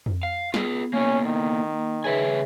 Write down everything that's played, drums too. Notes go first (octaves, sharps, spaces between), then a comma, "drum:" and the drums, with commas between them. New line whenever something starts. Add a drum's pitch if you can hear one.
drum: tom F2
F5
B3 F4 G#4, drum: snare
A#3 C#4 E4 A4
D#3
A#3
C#3 G#4 B4 C#5 E5 G#5